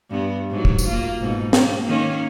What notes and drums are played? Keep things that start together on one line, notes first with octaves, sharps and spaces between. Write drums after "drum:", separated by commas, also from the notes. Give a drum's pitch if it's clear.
G2 B3
G#2 F#3
drum: kick
drum: tambourine
A#3 F4
G#2 B2
A#3, drum: snare
D#3 A#3 C#4